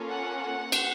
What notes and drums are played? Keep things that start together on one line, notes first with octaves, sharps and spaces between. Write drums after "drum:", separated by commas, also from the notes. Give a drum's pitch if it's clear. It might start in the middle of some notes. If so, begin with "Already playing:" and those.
Already playing: A#3 C#4 F4 A4
F#5
drum: cymbal